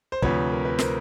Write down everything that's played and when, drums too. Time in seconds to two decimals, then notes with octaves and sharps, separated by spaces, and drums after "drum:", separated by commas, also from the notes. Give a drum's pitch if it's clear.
0.12 C5
0.22 D2 C3 F3 B4 C#5, drum: kick
0.52 A#4
0.65 B4
0.79 A#4 C5, drum: snare